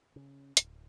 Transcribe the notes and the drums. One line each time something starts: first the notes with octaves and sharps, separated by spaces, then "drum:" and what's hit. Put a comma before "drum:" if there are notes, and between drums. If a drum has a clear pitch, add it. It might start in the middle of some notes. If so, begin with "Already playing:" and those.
C#3
D1, drum: hi-hat